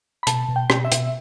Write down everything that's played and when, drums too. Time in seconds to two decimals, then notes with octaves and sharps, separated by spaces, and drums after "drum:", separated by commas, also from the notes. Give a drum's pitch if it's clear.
0.23 B5
0.27 B2 A5, drum: hi-hat
0.49 B2
0.56 G5
0.70 B2, drum: rim click
0.85 E5
0.92 B2, drum: hi-hat